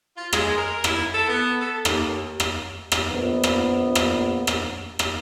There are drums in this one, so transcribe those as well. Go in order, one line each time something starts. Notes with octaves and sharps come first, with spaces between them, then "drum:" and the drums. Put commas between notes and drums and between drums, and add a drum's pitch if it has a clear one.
F4
G#3, drum: rim click
A#4
E4, drum: rim click
A4
B3
A4
D#2, drum: rim click
drum: rim click
drum: rim click
A#1 B3
drum: rim click
drum: rim click
drum: rim click
drum: rim click